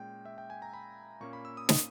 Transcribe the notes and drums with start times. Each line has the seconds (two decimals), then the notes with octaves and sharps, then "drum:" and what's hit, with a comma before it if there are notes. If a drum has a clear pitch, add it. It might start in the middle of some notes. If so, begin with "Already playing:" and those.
Already playing: A#2 G#3 C#4 G5
0.25 E5
0.38 G5
0.50 G#5
0.62 A#5
0.73 B5
1.20 A#2 A#3 C#4 C#6
1.33 B5
1.45 E6
1.57 D#6
1.69 D#6, drum: snare